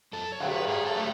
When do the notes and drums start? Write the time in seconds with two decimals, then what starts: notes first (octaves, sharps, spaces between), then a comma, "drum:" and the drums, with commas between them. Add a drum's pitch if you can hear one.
0.13 F#2 A4
0.32 C#5
0.40 D3 F#3, drum: cymbal
0.50 B4
0.67 G#2 G#4
0.86 A4
0.95 F#3 A3